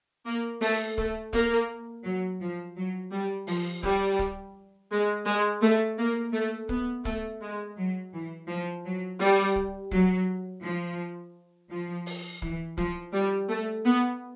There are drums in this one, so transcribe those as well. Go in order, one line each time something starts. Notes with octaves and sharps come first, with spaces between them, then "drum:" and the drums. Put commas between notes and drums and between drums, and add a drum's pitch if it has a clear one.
A#3
A3, drum: open hi-hat
A3, drum: kick
A#3, drum: kick, hi-hat
F#3
F3
F#3
G3
F3, drum: open hi-hat
G3, drum: kick
drum: kick, hi-hat
G#3
G#3
A3
A#3
A3
B3, drum: kick
A3, drum: kick, hi-hat
G#3
F#3
E3
F3
F#3
G3, drum: open hi-hat
drum: kick
F#3, drum: kick
F3
F3
drum: open hi-hat
E3, drum: kick
F3, drum: kick, hi-hat
G3
A3
B3